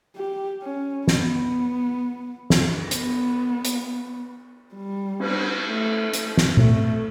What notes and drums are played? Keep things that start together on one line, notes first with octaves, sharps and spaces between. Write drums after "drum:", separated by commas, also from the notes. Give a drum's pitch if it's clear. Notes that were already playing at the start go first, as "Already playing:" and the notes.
G4
C#4
B3, drum: snare
drum: snare
drum: cymbal
B3, drum: hi-hat
drum: hi-hat
G3
drum: cymbal
A3
drum: hi-hat
drum: snare
A3, drum: tom A#2